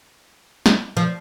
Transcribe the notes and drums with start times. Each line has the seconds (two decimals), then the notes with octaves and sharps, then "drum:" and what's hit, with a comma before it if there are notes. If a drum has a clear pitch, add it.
0.66 drum: snare
0.97 F3